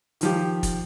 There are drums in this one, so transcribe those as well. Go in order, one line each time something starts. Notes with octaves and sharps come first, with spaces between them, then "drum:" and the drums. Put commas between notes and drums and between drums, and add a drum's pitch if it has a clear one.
D#3 F3 G4, drum: hi-hat
drum: kick, hi-hat